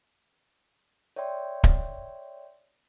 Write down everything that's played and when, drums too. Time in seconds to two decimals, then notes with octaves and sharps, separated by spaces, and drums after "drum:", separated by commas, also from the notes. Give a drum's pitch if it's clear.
1.16 C#5 D5 E5 G5 C6
1.64 drum: kick D1